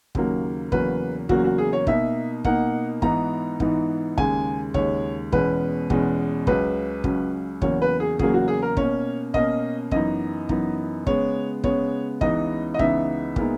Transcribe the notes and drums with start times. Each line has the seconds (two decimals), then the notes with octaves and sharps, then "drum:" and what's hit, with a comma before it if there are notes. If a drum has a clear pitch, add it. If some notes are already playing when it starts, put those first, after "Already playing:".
0.15 D#2 C#3 F#3 A#3, drum: kick
0.72 E2 C#3 F#3 A#3 B4, drum: kick
1.29 E2 C#3 F#3 A#3 F#4, drum: kick
1.44 F#4
1.58 G#4
1.73 C#5
1.87 B2 A#3 D#4 E5, drum: kick
2.44 B2 A#3 D#4 F#5, drum: kick
3.02 G#2 E3 B3 D#4 A#5, drum: kick
3.60 G#2 E3 B3 D#4, drum: kick
4.18 D#2 C#3 G#3 G#5, drum: kick
4.74 D#2 C#3 G#3 C#5, drum: kick
5.32 E2 B2 G#3 C#4 B4, drum: kick
5.90 E2 B2 G#3 C#4, drum: kick
6.47 C#2 C#3 F#3 C#4 B4, drum: kick
7.04 C#2 C#3 F#3 C#4, drum: kick
7.62 E2 C#3 F#3 A#3 C#5, drum: kick
7.82 B4
8.00 G#4
8.19 E2 C#3 F#3 A#3 G#4, drum: kick
8.34 F#4
8.48 G#4
8.62 A#4
8.77 B2 A#3 C#4 C#5, drum: kick
9.34 B2 A#3 C#4 D#5, drum: kick
9.91 F#2 E3 B3 D#4 D#5, drum: kick
10.49 F#2 E3 B3 D#4, drum: kick
11.07 C#3 G#3 B3 C#5, drum: kick
11.64 C#3 G#3 B3 C#5, drum: kick
12.21 C#2 C#3 E3 B3 D#4 D#5, drum: kick
12.74 D#5
12.79 C#2 C#3 E3 B3 D#4 E5, drum: kick
13.36 A#2 G#3 B3 D#4, drum: kick